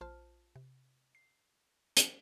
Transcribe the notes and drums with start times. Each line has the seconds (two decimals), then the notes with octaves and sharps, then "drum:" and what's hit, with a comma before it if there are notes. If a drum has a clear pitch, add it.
0.01 A#1 F4 C5 A5 F6
0.56 C3
1.15 C7
1.97 drum: hi-hat